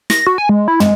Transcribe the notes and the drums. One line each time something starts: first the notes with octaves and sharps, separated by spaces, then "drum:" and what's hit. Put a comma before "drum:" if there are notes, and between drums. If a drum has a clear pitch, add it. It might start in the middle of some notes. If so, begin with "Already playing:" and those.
A#6, drum: snare
F#4
G#5
G#3
E4
G#3, drum: tom